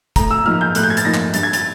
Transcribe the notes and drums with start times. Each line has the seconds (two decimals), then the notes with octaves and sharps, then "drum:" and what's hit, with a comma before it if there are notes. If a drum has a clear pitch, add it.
0.16 A2 A#5, drum: kick, hi-hat
0.31 E6
0.46 F3 A#3 D#4 F6
0.61 G6
0.75 A2 F#6, drum: hi-hat
0.83 G6
0.90 G#6
0.97 A6, drum: hi-hat
1.05 F3 A#3 D#4 A#6
1.14 drum: clap
1.34 G2 A6, drum: hi-hat
1.43 G#6
1.53 A6, drum: hi-hat